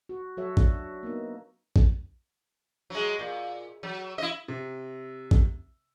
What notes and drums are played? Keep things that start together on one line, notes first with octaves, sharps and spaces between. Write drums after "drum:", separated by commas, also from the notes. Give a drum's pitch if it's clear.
F#4
F#3 F#4 A4 C#5 E5
D4, drum: kick A#1
A#3 B3 D#4
drum: kick A#1
F#3 G#3
A#2
F#3
E4 D#5
C3
drum: kick A#1